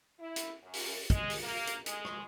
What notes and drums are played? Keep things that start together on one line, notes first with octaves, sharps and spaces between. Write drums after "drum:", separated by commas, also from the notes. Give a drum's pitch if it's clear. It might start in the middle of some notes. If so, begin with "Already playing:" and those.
E4
drum: hi-hat
F#2
drum: open hi-hat
G#3, drum: kick, hi-hat
drum: open hi-hat
A#3
drum: hi-hat
G#3, drum: hi-hat
drum: rim click